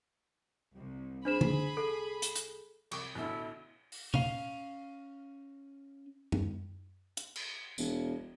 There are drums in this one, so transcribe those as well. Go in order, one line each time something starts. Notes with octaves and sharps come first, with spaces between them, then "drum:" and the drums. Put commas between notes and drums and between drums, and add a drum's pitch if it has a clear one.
C2
D4 G#4 C5 B5 E7
drum: tom D3
A4
drum: hi-hat
drum: hi-hat
C2 C#6 D6, drum: cymbal
A1 B2 D3 E4
drum: open hi-hat
C#4 F5, drum: tom C3
drum: tom F#2
drum: hi-hat
drum: cymbal
E1, drum: tambourine